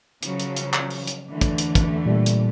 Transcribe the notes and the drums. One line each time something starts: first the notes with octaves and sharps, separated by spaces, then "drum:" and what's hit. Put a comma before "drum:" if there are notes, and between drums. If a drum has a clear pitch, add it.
C#3 F3 F#3, drum: hi-hat
drum: hi-hat
drum: hi-hat
drum: clap
drum: open hi-hat
drum: hi-hat
D3 E3 A3
drum: kick, hi-hat
drum: hi-hat
drum: kick, hi-hat
A#2 G3
drum: hi-hat